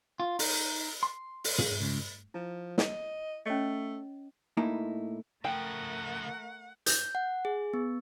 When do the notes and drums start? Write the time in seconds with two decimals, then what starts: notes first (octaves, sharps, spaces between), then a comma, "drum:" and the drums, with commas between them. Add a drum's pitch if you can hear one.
0.20 F4
0.39 D#4, drum: open hi-hat
1.03 C6
1.44 drum: open hi-hat
1.58 G#4, drum: tom
1.81 C#2
2.34 F3 E4
2.78 D#5, drum: snare
3.46 A3 C#4 C#5 D#5
4.57 A2 A#3 D#4 E4
5.44 C#3 F3 A3 A#4 F#5 G5
6.86 G6, drum: hi-hat
7.15 F#5
7.45 G#4
7.73 B3